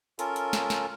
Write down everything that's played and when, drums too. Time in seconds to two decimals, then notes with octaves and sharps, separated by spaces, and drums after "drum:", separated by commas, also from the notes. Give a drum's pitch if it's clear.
0.19 C#4 F4 A4 A#4, drum: hi-hat
0.36 drum: hi-hat
0.53 drum: snare
0.70 drum: snare